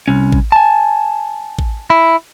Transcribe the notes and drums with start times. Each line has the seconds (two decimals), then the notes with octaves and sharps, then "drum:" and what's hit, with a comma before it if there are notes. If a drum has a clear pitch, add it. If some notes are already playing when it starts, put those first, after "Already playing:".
0.08 C2 C#4
0.32 drum: kick A1
0.52 G#5 A5
1.59 drum: kick A1
1.90 E4